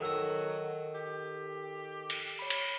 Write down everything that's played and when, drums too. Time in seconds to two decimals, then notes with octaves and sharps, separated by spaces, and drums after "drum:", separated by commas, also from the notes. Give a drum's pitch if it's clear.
0.01 D#3 F#3 D#4 A4 E6
0.94 G4
2.10 drum: cymbal
2.39 C#5 B5
2.50 drum: cymbal